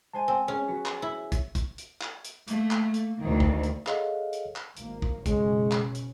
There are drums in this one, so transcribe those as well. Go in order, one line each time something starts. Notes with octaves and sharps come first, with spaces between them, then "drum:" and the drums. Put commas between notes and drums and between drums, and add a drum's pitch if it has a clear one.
G#3 C5 G#5 A5
C4
B3 C#4 G#4 C#5 G#5
F#3 F#4 B4
drum: clap
E4
drum: kick, hi-hat
drum: kick, hi-hat
drum: hi-hat
drum: clap
drum: hi-hat
A3 A#3, drum: hi-hat
drum: clap
drum: hi-hat
D2 D#3
drum: kick
drum: hi-hat
G#4 A4 C#5 D#5 F5 F#5, drum: clap
drum: hi-hat
drum: clap
G#1 A#3, drum: hi-hat
drum: kick
F#1 B2 G#3 C#4, drum: kick, hi-hat
drum: clap
drum: hi-hat